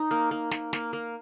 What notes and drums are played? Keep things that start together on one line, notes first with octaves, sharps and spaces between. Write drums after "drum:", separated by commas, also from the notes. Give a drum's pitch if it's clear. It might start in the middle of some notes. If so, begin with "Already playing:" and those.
Already playing: D#4
A#3
A#3
A#3, drum: snare
A#3, drum: snare
A#3